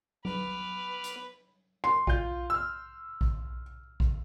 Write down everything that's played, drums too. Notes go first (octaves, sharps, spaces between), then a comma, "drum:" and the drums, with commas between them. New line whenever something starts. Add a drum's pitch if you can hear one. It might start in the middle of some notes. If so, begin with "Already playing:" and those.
B3 B4 D6 F6, drum: tom F#3
drum: hi-hat
C6
F4 G6, drum: kick A1
E6 F6
drum: kick A1
drum: kick A1